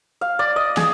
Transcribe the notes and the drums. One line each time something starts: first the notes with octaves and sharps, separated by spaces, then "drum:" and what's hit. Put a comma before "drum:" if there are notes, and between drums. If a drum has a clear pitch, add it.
F5
D5
D#5
G#4, drum: snare